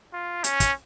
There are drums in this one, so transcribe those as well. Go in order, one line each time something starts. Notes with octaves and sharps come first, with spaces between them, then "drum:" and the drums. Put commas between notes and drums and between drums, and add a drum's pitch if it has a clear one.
F4
C#4, drum: hi-hat
drum: kick, hi-hat